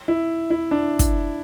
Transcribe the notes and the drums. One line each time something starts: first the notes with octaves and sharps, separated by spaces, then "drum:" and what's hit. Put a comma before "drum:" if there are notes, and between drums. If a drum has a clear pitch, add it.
E4
E4
D4
drum: kick, hi-hat